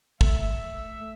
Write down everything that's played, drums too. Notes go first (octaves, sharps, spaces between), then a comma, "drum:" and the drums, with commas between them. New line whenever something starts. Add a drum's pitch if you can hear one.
A3 E5, drum: kick